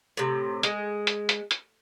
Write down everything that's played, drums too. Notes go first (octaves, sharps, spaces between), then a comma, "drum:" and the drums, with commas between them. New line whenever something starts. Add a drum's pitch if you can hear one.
A2 C3
G#3, drum: hi-hat
drum: hi-hat
drum: hi-hat
drum: hi-hat